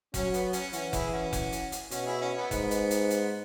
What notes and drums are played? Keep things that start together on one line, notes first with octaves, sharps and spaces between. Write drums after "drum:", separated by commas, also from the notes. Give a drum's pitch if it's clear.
F#3 C#4, drum: kick F1, hi-hat
B3, drum: hi-hat
C#4, drum: hi-hat
E3 C#4 F#4, drum: hi-hat
E4 G#4, drum: kick F1, hi-hat
G#4
C#4 F#4
drum: kick F1, hi-hat
drum: hi-hat
drum: hi-hat
B2 C#4 F#4, drum: hi-hat
E4 G#4
C#4 F#4
B3 E4
G#2 B3, drum: kick F1, hi-hat
drum: hi-hat
drum: hi-hat
drum: hi-hat